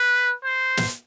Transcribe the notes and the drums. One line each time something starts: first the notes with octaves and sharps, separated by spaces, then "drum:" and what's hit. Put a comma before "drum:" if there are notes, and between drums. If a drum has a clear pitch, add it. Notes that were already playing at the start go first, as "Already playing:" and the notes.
Already playing: B4
C5
drum: snare